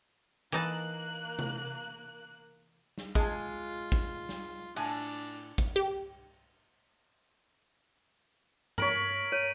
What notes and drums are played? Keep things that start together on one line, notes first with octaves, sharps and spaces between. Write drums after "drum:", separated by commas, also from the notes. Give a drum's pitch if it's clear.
E3 A#3 D#4 A5 F#6
drum: tambourine
drum: tom C3
drum: snare
G#3 F4 G#5, drum: kick
drum: kick
drum: snare
A2 D4 G#5, drum: cymbal
drum: kick
G4
A#4 C#5 B6 D7 F#7, drum: tom G2
C#5 D#7